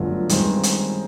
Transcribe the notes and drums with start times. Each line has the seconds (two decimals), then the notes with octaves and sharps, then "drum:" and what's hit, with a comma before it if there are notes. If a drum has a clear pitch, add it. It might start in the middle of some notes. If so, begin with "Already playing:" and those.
Already playing: G1 F#2 D3 F3 A3
0.29 G2 D#3 G#3 C4, drum: hi-hat
0.63 drum: hi-hat